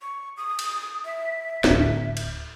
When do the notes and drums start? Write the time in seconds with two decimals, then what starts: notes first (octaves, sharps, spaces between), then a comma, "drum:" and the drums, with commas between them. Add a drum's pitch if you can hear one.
0.02 C#6
0.37 D#6
0.59 drum: cymbal
1.05 E5
1.64 D1 G#1, drum: snare
2.17 drum: cymbal